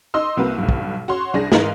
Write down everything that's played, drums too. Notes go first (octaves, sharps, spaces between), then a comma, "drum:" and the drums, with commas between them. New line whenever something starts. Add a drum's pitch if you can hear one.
D#4 D#5 C6 E6
C2 A#3 C4 F#4 B4
B1 G2
drum: kick
F#4 C#5 C6
C2 D4 G#4 A#6
G#2 E3 D#4 A#4 B4 F5, drum: snare